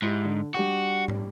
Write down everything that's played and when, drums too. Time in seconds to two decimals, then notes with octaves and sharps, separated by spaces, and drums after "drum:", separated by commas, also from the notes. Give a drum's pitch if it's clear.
0.02 G#2 D#4 E4 G4
0.25 D3
0.54 G3 D4 F#4 G4
1.08 drum: tom